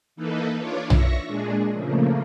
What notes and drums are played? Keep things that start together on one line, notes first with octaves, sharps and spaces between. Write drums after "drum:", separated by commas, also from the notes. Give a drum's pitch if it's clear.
E3 A#3 D#4 A4 B4
D4 F4 C#5 D5
E5 C#6 A#6, drum: tom B1
A#2 G#3 D4 G#4
C#3 F3 A3 A#3